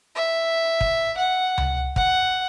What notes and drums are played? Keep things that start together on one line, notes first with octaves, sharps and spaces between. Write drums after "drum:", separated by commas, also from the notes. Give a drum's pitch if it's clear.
E5
drum: kick
F#5
drum: tom C#2
F#5, drum: kick